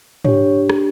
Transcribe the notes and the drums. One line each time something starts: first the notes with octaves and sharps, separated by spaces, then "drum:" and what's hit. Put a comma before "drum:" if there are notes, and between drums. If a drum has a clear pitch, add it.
D4 G4 C#5, drum: tom G#2
drum: rim click